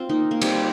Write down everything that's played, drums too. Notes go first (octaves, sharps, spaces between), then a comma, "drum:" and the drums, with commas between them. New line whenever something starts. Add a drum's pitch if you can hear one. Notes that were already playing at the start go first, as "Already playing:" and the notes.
Already playing: C4 F4
A#3 D#4
A#3
G3 C4, drum: cymbal